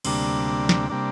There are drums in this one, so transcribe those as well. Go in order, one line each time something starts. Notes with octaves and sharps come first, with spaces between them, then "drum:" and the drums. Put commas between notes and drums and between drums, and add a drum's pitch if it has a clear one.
D2 C3 G3 A#3 D4, drum: cymbal
drum: snare
C3 G3 A#3 D4